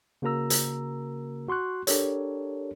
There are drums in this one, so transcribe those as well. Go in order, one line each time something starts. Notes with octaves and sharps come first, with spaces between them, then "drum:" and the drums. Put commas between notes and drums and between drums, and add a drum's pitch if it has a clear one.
C#3 A#3 F#4 A#4 A#5 E6
drum: hi-hat
F#4 C6 C#6 F#6
D4 G4 A4 A#4 C#5, drum: hi-hat